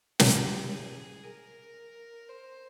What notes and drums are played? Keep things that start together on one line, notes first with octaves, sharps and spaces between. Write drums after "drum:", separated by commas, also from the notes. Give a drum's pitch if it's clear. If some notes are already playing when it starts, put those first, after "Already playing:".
G4, drum: snare
G#4
A#4
C5